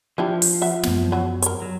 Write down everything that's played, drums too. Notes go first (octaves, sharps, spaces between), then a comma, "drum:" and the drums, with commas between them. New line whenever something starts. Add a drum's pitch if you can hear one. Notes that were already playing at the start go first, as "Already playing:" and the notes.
E3 F3 D4 G4
drum: open hi-hat
E5 F#5
F#2 B3, drum: snare
F#3 F#4
A#4 C#5, drum: hi-hat
F#3